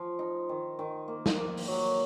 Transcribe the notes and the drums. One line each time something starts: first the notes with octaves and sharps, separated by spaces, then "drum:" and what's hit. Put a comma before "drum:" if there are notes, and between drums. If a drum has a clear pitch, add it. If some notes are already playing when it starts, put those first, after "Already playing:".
Already playing: F3
D#4
D#3
D#3
A#3
drum: snare
A#3
drum: open hi-hat
F#3